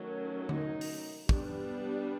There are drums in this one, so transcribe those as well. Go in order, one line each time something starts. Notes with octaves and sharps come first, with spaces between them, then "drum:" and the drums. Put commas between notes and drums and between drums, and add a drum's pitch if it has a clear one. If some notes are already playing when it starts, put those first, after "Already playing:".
Already playing: D#3 F#3 A3 C#4
D#4, drum: tom D3
drum: open hi-hat
G3 B3 D4, drum: kick